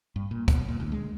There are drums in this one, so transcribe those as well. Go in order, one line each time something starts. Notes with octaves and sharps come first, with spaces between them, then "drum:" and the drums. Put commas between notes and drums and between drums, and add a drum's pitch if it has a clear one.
G2
A#2
B2, drum: kick, hi-hat
A#2
D2
G#3